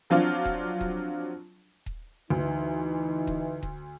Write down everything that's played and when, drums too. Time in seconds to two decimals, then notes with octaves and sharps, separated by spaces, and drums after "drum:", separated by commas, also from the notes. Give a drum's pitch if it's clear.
0.10 F3 F#3 C4 D4 F4
0.45 drum: kick D#1
0.81 drum: kick D#1
1.86 drum: kick D#1
2.30 D2 E3 D#4
3.27 drum: kick D#1
3.63 drum: kick D#1